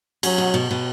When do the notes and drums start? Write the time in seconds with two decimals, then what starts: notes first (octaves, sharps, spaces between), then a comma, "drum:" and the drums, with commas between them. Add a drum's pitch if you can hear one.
0.23 F#3 C#4, drum: cymbal
0.38 B2
0.54 B2
0.71 B2